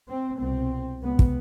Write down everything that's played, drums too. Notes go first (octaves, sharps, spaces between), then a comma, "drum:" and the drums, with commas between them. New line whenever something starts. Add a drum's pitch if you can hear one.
C4
C2 B2 C4
C#2 C3 B3
drum: kick